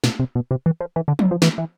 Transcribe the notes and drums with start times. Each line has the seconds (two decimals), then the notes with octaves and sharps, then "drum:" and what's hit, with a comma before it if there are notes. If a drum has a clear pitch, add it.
0.04 B2, drum: snare
0.19 C3
0.35 B2
0.51 C3
0.66 E3
0.81 F3
0.96 E3
1.08 D3
1.19 drum: tom F3
1.31 F3
1.42 E3, drum: snare
1.58 E3